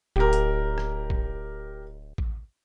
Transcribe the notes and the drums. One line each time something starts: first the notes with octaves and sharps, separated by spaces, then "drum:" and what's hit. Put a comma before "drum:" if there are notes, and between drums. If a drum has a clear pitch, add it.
D1 G4 A#4
drum: hi-hat
drum: rim click
drum: kick A1
drum: kick A1